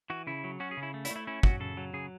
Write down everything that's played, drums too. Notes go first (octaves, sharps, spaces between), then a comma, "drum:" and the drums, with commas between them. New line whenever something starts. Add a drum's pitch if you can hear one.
E3 F#4
C#3 E4
F#3
C#4 F#4
G#4
C#3
E4
A3
E4, drum: hi-hat
A3
E4
C#4 E4
F#3 F#4, drum: kick
C#3 A4
F#3
C#3 G#4